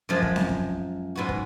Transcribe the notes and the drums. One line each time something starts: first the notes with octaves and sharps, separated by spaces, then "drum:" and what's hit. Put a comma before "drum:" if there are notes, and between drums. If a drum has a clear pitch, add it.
F#2 F3 G#3
drum: kick
drum: snare C4
drum: kick
G#2 F#3 B3 F#4
drum: kick